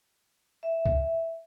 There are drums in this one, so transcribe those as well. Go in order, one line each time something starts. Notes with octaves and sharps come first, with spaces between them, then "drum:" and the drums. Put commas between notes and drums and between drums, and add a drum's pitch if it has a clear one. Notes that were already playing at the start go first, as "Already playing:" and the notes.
E5
drum: kick